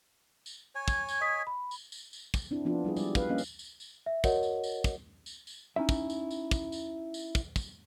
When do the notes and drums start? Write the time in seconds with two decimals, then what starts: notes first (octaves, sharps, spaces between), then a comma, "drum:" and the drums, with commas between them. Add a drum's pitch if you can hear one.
0.46 drum: tambourine
0.75 C#5 G#5
0.88 drum: kick, tambourine
1.09 drum: tambourine
1.21 D#5 D#6 B6
1.47 B5
1.71 drum: tambourine
1.92 drum: tambourine
2.13 drum: tambourine
2.34 drum: kick, tambourine
2.51 C4 D4 E4
2.65 F3 B3 D4 F4
2.84 G3 E4 G#4
2.96 G3 G#3 D5, drum: tambourine
3.15 B4 F5, drum: kick, tambourine
3.29 A#3 C#4 D#5 F5
3.38 drum: tambourine
3.59 drum: tambourine
3.80 drum: tambourine
4.06 E5
4.24 F#4 A#4 C#5 D#5 F#5, drum: kick, tambourine
4.43 drum: tambourine
4.63 drum: tambourine
4.84 drum: kick, tambourine
5.26 drum: tambourine
5.47 drum: tambourine
5.76 C#4 D#4 E4 E5
5.89 drum: kick, tambourine
6.10 drum: tambourine
6.31 drum: tambourine
6.51 drum: kick, tambourine
6.72 drum: tambourine
7.14 drum: tambourine
7.35 drum: kick, tambourine
7.56 drum: kick, tambourine